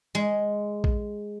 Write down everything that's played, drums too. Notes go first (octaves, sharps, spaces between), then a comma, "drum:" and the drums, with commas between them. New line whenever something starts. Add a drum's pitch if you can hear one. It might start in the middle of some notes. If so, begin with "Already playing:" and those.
G#3
drum: kick A#1